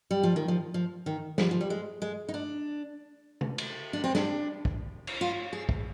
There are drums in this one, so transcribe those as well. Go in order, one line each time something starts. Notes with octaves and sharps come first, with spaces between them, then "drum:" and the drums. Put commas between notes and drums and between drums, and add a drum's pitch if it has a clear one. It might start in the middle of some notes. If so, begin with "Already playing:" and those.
G3
F3
D#3
F3
F3
D#3
F3, drum: snare
F3
G3
G#3
G#3
D#4
D4
drum: tom C3
drum: cymbal
D4
C4
D4, drum: snare
drum: kick
drum: cymbal
F4
G#4
drum: kick